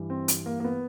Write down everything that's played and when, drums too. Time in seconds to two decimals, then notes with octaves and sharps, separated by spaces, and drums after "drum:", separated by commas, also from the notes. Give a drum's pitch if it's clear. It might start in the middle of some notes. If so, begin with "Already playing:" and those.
Already playing: G2 E3
0.10 C4
0.28 drum: hi-hat
0.46 A#3
0.60 A#3
0.64 B3